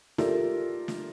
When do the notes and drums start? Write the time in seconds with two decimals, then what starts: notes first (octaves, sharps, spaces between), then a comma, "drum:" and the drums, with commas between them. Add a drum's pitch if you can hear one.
0.18 F4 G4 A4 A#4 D5 E5, drum: snare
0.88 drum: snare